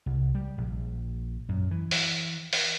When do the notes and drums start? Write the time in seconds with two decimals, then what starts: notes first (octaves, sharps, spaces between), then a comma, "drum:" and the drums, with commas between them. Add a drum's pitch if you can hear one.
0.06 C2
0.35 G3
0.58 A#1
1.49 F#2
1.71 E3
1.91 drum: open hi-hat
2.53 drum: open hi-hat